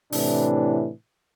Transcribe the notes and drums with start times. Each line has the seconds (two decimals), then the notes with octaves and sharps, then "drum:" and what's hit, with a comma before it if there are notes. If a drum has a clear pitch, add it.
0.12 A2 C3 E3 D4, drum: open hi-hat